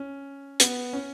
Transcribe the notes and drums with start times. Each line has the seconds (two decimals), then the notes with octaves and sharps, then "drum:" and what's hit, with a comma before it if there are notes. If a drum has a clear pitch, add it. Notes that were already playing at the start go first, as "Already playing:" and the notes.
Already playing: C#4
0.60 B3, drum: hi-hat
0.93 C#4